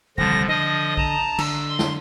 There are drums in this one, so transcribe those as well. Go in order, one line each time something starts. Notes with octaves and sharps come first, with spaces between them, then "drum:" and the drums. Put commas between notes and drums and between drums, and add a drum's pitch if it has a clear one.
D#1 C2 D3 F3 A#6
D3 F3 D#5
A5 A#5, drum: kick A#1
D3 E6, drum: cymbal
C6
drum: snare